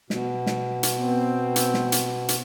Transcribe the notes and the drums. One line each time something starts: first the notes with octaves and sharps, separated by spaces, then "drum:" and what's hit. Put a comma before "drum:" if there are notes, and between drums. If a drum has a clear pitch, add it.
B2, drum: snare
drum: snare
drum: hi-hat
B3 C4
drum: hi-hat
drum: snare
drum: hi-hat
drum: hi-hat